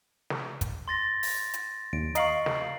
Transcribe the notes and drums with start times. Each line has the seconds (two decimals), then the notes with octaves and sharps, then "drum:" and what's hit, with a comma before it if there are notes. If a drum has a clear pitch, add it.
0.30 drum: snare
0.61 drum: kick, hi-hat
0.88 C6 A6 A#6
1.23 drum: open hi-hat
1.54 drum: hi-hat
1.93 D#2 D7
2.15 D#5 F5 A#5 C#6 C7 F#7, drum: hi-hat
2.46 drum: snare